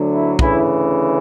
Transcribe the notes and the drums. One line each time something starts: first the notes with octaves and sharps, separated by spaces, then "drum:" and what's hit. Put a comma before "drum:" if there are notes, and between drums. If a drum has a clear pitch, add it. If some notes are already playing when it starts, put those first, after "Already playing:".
Already playing: D2 D3 F#3
E4
D2 C#3 E3 E4, drum: kick